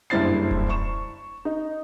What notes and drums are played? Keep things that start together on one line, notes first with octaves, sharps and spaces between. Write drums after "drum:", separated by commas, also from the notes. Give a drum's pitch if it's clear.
F#1 G2 E4 C5 A6 C7
drum: kick D#1
C#6 E7
D#4